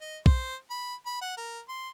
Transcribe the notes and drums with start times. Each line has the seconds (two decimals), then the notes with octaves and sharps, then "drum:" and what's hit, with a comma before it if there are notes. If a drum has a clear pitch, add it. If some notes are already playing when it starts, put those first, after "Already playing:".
0.01 D#5
0.26 C5, drum: kick
0.70 B5
1.06 B5
1.21 F#5
1.37 A#4
1.69 C6